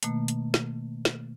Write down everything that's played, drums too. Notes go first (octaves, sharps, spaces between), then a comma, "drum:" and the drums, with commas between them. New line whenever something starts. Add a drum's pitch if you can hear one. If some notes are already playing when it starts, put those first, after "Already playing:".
B2 D#3 A3 A#3, drum: hi-hat
drum: hi-hat
drum: snare
drum: snare